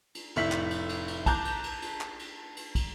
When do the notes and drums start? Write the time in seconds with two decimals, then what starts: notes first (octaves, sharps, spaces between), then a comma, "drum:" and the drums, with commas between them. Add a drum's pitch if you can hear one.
0.15 drum: cymbal
0.36 F1 A2 E4 B6 F#7, drum: cymbal
0.52 drum: clap
0.71 drum: cymbal
0.89 drum: cymbal
1.08 drum: cymbal
1.26 A5 A#5 D6 F#6 G6, drum: kick, cymbal
1.45 drum: cymbal
1.64 drum: cymbal
1.82 drum: cymbal
2.01 drum: clap
2.19 drum: cymbal
2.57 drum: cymbal
2.75 drum: kick, cymbal